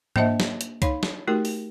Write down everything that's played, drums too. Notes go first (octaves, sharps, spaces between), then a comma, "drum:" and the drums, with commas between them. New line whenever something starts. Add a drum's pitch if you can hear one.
A#3 D4 C5 D#5 E5 A5, drum: tom G#2
drum: snare
drum: hi-hat
D#4 C#5 F5 B5, drum: kick, hi-hat
drum: snare
A3 D#4 F#4 G4 A#4
drum: open hi-hat